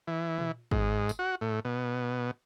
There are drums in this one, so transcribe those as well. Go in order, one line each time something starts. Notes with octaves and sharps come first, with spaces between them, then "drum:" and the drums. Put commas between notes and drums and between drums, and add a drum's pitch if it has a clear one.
E3
drum: tom A#2
G#2, drum: kick
drum: tambourine
F#4
A2
B2